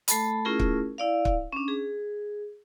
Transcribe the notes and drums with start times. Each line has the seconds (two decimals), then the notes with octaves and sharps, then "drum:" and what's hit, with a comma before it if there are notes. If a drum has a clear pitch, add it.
0.08 A3 A4 A5 B5, drum: hi-hat
0.45 A3 C#4 E4 F4 G#4 A#4
0.59 drum: kick
0.98 E4 D5 F5
1.25 drum: kick
1.52 C#4 D4
1.68 G#4